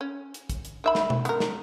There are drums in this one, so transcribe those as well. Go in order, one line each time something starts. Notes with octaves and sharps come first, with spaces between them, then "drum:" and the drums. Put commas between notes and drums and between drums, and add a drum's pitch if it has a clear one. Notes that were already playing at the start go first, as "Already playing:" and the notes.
C#4
drum: hi-hat
drum: kick, hi-hat
drum: hi-hat
D#3 E5 B5
drum: snare
drum: tom B2
B3 A#4, drum: hi-hat
drum: snare